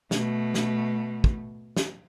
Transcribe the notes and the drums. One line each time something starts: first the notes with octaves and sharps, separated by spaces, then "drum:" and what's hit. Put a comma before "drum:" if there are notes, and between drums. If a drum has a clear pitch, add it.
B2 A3, drum: snare
drum: snare
drum: kick
drum: snare